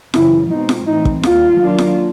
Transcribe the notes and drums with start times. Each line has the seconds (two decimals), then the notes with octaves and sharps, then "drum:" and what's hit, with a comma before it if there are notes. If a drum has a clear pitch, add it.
0.14 F#2 C#3 E3 E4, drum: snare F4
0.50 B2 G#3 C4 D#4
0.69 drum: snare F4
0.87 A2 E3 A3 C4 D#4
1.05 drum: kick
1.23 D#2 D#3 G3 F4, drum: snare F4
1.60 D#3 F#3 A#3 D4 F4
1.78 drum: snare F4